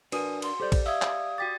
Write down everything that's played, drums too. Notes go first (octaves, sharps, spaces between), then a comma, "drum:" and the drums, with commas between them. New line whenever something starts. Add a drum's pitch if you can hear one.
D4 F#4 A#4 B4 G#5 D#6, drum: cymbal
C6, drum: cymbal
G4 A4 C5 D5 G6
drum: kick, cymbal
E5 F5 D#6 E6 G#6
drum: clap
F#4 G5 D6 A6 B6